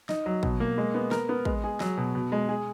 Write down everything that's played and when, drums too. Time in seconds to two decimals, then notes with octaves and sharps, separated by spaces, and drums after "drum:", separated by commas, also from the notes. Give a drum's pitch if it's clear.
0.09 D#4, drum: snare
0.26 F#3
0.43 B2, drum: kick
0.60 A#3
0.78 G#3
0.94 B3
1.11 A#4, drum: snare
1.29 B3
1.45 G#3, drum: kick
1.64 G#4
1.80 F#3, drum: snare
1.97 B2
2.15 B2
2.32 G#3
2.49 G#4